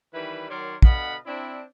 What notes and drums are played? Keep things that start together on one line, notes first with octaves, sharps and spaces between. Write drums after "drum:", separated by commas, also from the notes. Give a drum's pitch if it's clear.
D#3 E3 G3 E4 B4
D#3 F#3 A#4 C#5 D5 C6
B2 D3 D#5 F5 F#5 B5, drum: kick
C4 D4 E4